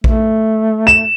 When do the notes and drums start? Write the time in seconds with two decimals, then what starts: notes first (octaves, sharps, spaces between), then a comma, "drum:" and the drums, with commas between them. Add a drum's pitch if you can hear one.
0.04 A3, drum: kick A#1
0.87 E7